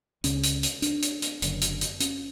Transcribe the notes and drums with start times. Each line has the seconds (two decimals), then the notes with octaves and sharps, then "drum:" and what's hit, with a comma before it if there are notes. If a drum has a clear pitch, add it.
0.24 C#2 C#3 C#4, drum: hi-hat
0.43 drum: hi-hat
0.63 drum: hi-hat
0.82 D4, drum: hi-hat
1.02 drum: hi-hat
1.22 drum: hi-hat
1.42 F#1 F#2 D3, drum: hi-hat
1.61 drum: hi-hat
1.81 drum: hi-hat
2.00 C#4, drum: hi-hat